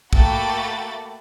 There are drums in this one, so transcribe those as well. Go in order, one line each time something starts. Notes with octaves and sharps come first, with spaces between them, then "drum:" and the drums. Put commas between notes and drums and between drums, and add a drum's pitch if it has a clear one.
A3 A#3 F#4 G5 B5 A6, drum: kick